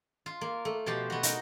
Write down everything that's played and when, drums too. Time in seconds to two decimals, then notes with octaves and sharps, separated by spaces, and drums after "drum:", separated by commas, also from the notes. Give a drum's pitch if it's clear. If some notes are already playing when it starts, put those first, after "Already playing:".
0.26 F4
0.41 A#3
0.65 A3
0.86 B2 F3 G4 A5
1.10 B3 F#4
1.23 D#4 A#4, drum: hi-hat